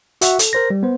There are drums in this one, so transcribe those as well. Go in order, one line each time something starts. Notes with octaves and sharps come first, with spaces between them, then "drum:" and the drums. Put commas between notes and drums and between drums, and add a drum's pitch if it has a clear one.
F#4 E5 F#5 C#6, drum: hi-hat
A4, drum: hi-hat
A#4 C5 A#6
G3
B3 C5